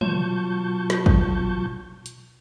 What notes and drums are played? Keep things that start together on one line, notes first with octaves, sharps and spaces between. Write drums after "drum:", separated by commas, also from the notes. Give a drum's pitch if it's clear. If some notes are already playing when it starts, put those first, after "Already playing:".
B2 F#3 F4 A5 C#6 G6, drum: tom
drum: snare
drum: kick
drum: hi-hat